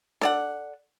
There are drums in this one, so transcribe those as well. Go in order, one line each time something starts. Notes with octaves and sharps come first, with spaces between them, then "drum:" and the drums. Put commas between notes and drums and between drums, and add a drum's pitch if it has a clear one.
A4 D5 F#5, drum: snare D4